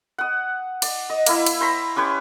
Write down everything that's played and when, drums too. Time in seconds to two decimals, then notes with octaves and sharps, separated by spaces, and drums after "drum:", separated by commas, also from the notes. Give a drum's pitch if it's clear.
0.18 F#5 D#6
0.82 D5, drum: cymbal
1.10 D#5
1.26 A#3 E4 E5, drum: cymbal
1.46 drum: cymbal
1.61 C5 A#5 B5
1.96 C#4 G4 B4 C#5